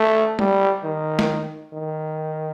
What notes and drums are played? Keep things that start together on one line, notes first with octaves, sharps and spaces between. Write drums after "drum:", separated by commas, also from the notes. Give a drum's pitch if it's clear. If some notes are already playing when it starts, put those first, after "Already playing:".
Already playing: A3
G3, drum: tom G3
D#3
drum: snare
D#3